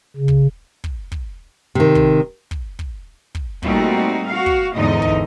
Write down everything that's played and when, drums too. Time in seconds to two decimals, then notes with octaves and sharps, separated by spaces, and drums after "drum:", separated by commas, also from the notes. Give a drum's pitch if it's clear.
0.16 C#3
0.28 drum: kick
0.84 drum: kick
1.12 drum: kick
1.75 C3 D#3
1.95 drum: kick
2.51 drum: kick
2.79 drum: kick
3.35 drum: kick
3.62 A#2 G3 A3 C4 D#4 F#4, drum: kick
4.27 F#4 F5
4.46 drum: kick
4.74 E2 G#2 D3 D#4 D#5
5.02 drum: kick